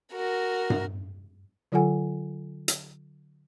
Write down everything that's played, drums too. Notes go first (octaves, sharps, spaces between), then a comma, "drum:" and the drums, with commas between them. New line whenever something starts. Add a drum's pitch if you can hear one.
F#4 A#4
drum: tom G2
D3 F#3 F4 A4 F#5 G#5
drum: hi-hat